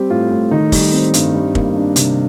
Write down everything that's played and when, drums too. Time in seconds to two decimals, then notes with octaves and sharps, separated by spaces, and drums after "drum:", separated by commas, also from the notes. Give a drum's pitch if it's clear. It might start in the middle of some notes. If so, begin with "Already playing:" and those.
Already playing: G3 C4 G4
0.10 A2 F4
0.31 A2
0.51 D#3 D#4
0.72 G3, drum: kick, open hi-hat
0.93 C4
1.14 G2, drum: hi-hat
1.34 G3
1.55 A#3, drum: kick
1.76 D4
1.96 C3, drum: hi-hat